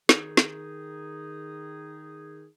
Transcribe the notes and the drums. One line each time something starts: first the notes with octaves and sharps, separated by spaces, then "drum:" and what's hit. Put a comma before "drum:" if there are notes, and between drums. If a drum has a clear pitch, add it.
D#3 D#4 G#4, drum: snare
drum: snare